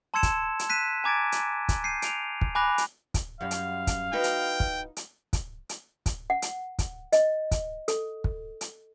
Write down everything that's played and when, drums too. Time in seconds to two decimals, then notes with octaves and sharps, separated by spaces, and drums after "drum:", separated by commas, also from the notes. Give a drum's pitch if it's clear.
0.14 A5 C6 E6 G#6 C#7 E7
0.23 drum: kick, hi-hat
0.59 drum: hi-hat
0.69 F#6 B6 D#7 E7
1.04 G#5 A#5 D6 G#6 A6 D7
1.32 drum: hi-hat
1.69 drum: kick, hi-hat
1.84 G6 C7 C#7 D#7
2.02 D7 F7, drum: hi-hat
2.42 drum: kick
2.55 G#5 B5 D6 F#6 A#6 F7
2.78 drum: hi-hat
3.14 drum: kick, hi-hat
3.41 F#2 G3 F5
3.51 drum: hi-hat
3.87 drum: kick, hi-hat
4.13 D#4 F#4 B4 G5
4.24 drum: hi-hat
4.60 drum: kick
4.97 drum: hi-hat
5.33 drum: kick, hi-hat
5.69 drum: hi-hat
6.06 drum: kick, hi-hat
6.30 F#5
6.42 drum: hi-hat
6.79 drum: kick, hi-hat
7.12 D#5, drum: hi-hat
7.52 drum: kick, hi-hat
7.88 A4, drum: hi-hat
8.24 drum: kick
8.61 drum: hi-hat